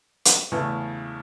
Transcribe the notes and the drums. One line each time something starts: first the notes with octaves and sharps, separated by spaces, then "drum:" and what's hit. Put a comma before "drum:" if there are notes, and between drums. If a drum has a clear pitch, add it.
drum: hi-hat
E2 C#3 E3 A3